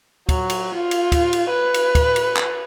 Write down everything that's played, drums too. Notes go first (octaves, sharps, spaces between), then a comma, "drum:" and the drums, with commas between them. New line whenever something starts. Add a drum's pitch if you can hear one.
F#3, drum: kick, cymbal
drum: cymbal
F4
drum: cymbal
drum: kick, cymbal
drum: cymbal
B4
drum: cymbal
drum: kick, cymbal
drum: cymbal
drum: clap